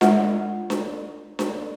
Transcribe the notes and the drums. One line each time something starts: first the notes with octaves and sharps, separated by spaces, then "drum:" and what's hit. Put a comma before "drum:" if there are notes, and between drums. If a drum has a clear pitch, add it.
G#3 F4 F#5, drum: snare D4
drum: snare D4
drum: snare D4